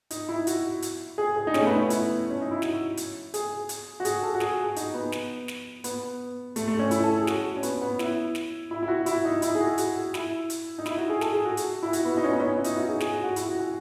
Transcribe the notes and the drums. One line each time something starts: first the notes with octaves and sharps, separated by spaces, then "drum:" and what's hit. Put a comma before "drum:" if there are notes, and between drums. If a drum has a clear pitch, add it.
D#4, drum: hi-hat
E4
F#4, drum: hi-hat
drum: hi-hat
G#4
G#4
D#4
C#4, drum: snare
A3
B3
C#4
E4, drum: hi-hat
C#4
D#4
E4
F#4, drum: snare
drum: hi-hat
G#4, drum: hi-hat
drum: hi-hat
F#4
G#4, drum: hi-hat
A4
F#4
G#4, drum: snare
F#4
D#4, drum: hi-hat
B3
drum: snare
drum: snare
B3, drum: hi-hat
A3, drum: hi-hat
A3
C#4
E4, drum: hi-hat
A4
G#4
F#4, drum: snare
C#4
B3, drum: hi-hat
B3
E4, drum: snare
drum: snare
E4
E4
F#4
E4, drum: hi-hat
D#4
E4, drum: hi-hat
G#4
F#4
F#4, drum: hi-hat
E4, drum: snare
drum: hi-hat
D#4
E4, drum: snare
F#4
G#4
A4, drum: snare
G#4
F#4
drum: hi-hat
E4
F#4, drum: hi-hat
B3
D#4
C#4
B3
C#4
E4
D#4, drum: hi-hat
E4
F#4
G#4
G#4, drum: snare
F#4
F#4
E4, drum: hi-hat
F#4
F#4